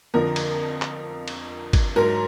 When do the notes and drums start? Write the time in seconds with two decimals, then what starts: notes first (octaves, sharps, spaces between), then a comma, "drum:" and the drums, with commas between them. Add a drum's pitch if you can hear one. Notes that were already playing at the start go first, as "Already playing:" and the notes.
0.14 F2 D3 F3 A#4
0.36 drum: cymbal
0.82 drum: clap
1.28 drum: cymbal
1.73 drum: kick, cymbal
1.96 G#2 F#3 A#4